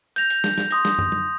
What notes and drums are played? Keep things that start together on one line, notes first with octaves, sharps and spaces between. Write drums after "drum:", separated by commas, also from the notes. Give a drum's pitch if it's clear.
G6 A#6 F7, drum: hi-hat
drum: hi-hat
drum: snare
drum: snare
C6 D#6 A#6, drum: hi-hat
drum: snare
drum: tom
drum: tom